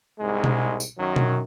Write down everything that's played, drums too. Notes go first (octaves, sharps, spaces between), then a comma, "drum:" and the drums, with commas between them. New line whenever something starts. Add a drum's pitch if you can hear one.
C2 G#2 G#3
drum: tom B2
drum: tambourine
F#2 D#3 F#3
drum: tom B2